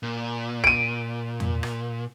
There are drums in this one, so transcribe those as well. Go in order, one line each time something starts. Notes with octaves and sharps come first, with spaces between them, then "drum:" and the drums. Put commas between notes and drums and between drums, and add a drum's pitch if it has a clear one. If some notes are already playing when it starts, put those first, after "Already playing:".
A#2
D7 D#7
drum: tom E2
drum: rim click